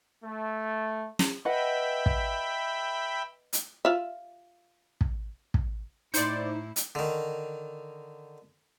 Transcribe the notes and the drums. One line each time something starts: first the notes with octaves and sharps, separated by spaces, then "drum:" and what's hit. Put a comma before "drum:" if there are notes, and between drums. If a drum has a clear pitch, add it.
A3
drum: snare
B4 D#5 E5 F#5 G5 B5
drum: kick
drum: hi-hat
F4 E5
drum: kick
drum: kick
A2 D#4 E4 C5 D5 G6 C#7, drum: hi-hat
drum: hi-hat
D3 D#3